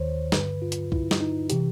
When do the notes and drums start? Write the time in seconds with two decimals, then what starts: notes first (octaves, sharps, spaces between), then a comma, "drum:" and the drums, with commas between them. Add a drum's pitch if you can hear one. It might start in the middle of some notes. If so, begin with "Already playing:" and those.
Already playing: D#2 D#3 C5 C#5
0.32 G2 D3 B4, drum: snare
0.62 F4
0.72 drum: hi-hat
0.92 E4, drum: kick
1.11 drum: snare
1.21 D#4
1.50 C3 E3 G4, drum: hi-hat